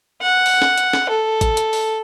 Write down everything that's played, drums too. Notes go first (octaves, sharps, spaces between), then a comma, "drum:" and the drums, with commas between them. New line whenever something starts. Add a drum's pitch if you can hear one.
F#5
drum: open hi-hat
drum: snare
drum: hi-hat
drum: snare
A4
drum: kick G#1, hi-hat
drum: hi-hat
drum: open hi-hat